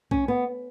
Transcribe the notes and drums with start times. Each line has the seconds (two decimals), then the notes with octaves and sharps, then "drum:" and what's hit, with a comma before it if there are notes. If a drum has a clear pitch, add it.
0.11 C#4, drum: kick B1
0.28 B3